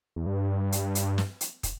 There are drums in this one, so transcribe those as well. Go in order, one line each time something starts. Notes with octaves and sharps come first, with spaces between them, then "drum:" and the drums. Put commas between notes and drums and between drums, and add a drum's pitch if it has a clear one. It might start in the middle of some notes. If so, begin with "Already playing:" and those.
E2
G2
drum: hi-hat
drum: hi-hat
drum: snare
drum: hi-hat
drum: kick, hi-hat